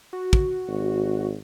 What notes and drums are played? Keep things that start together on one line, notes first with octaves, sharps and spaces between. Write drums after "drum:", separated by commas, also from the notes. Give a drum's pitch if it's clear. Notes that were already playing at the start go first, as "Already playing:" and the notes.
F#4
drum: kick
G#1